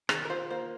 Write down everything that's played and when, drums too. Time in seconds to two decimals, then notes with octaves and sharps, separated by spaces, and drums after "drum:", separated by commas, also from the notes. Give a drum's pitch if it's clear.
0.09 D#3 G#4, drum: rim click
0.25 A#4
0.30 F4 C5
0.50 A#3 C5